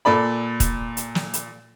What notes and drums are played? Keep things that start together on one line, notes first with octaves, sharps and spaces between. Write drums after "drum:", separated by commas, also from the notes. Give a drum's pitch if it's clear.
A#2 A4 D5 B5
drum: kick, hi-hat
drum: hi-hat
drum: snare
drum: hi-hat